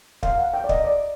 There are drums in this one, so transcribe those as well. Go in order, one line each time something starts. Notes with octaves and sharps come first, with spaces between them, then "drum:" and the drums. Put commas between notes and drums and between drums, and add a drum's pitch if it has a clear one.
F5, drum: kick
F#5
G5
D5
D#5, drum: kick
D5